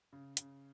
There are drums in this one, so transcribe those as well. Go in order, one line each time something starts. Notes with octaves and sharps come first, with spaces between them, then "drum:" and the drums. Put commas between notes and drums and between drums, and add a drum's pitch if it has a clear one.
C#3
C#3, drum: hi-hat